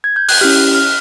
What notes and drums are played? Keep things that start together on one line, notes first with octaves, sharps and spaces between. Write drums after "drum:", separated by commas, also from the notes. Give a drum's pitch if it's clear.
G#6
G6
F#6, drum: open hi-hat
C#4 E4 G4 F6
F6
F#6